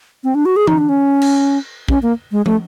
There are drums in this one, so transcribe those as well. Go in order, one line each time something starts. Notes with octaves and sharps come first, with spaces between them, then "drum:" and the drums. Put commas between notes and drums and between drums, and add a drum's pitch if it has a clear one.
C4
D4
F#4
G#4
D#4, drum: tom E3
D4
C#4
drum: cymbal
C#4, drum: kick
A#3
G#3
A3, drum: tom